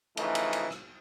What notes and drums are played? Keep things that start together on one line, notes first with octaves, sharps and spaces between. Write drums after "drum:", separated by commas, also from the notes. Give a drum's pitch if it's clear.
C#3 E3 F3 A3 D#4, drum: cymbal
drum: cymbal
drum: cymbal
drum: rim click